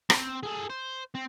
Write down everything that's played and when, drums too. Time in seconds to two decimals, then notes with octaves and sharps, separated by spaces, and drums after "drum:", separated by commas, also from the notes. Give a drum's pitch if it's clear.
0.10 C4, drum: rim click
0.43 G#4 A4
0.70 C5
1.15 C4